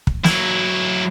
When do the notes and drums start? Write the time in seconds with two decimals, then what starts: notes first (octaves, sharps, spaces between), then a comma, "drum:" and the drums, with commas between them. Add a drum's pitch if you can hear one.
0.07 drum: kick
0.24 F#3 E4, drum: snare